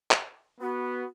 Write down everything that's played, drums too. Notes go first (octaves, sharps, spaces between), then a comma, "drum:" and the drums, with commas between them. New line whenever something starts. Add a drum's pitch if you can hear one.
drum: clap
B3 F#4